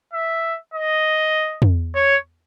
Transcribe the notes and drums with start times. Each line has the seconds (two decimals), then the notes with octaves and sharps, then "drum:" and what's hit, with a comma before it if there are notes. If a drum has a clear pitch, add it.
0.13 E5
0.74 D#5
1.62 drum: tom
1.95 C#5